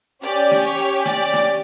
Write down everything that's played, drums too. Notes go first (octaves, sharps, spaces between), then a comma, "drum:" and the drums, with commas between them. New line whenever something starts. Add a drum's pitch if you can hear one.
C#4 G4 D5, drum: hi-hat
drum: snare
C#5
drum: hi-hat
D5, drum: snare
drum: snare